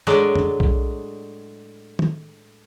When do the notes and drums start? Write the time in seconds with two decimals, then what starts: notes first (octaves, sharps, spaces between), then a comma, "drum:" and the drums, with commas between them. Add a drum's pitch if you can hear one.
0.07 A2 F#3 G#3 D4 D5, drum: tambourine
0.36 drum: tom
0.60 drum: kick B1
1.99 drum: tom